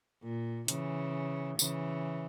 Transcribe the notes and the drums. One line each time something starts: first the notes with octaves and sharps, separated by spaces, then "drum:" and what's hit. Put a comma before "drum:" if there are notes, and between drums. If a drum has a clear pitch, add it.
A#2
C#3 E3, drum: hi-hat
C#3 E3, drum: tambourine